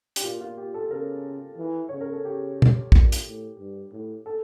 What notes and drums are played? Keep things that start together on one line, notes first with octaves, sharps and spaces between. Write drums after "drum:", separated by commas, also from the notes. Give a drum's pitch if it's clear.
G4, drum: hi-hat
A#2 F4
F4
G4
A4
C#3 A#4
E3
C#3 C#5
A#4
A4
C#3 G4
drum: tom
A#2, drum: kick
drum: hi-hat
A2
G2
A2
A4